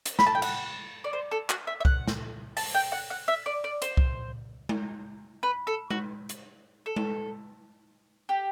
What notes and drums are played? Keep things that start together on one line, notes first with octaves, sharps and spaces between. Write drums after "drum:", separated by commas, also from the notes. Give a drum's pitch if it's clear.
drum: hi-hat
B5, drum: snare
A5
G5
F#5, drum: cymbal
D5
C5
A4
F#4, drum: clap
E5
E5
F#5, drum: kick C2
drum: snare
A5, drum: open hi-hat
G5
F#5
F#5
E5
D5
D5
C5, drum: hi-hat
drum: kick C2
drum: tom G#3
B4
A4
F#4, drum: tom G#3
drum: hi-hat
A4
drum: tom G#3
G4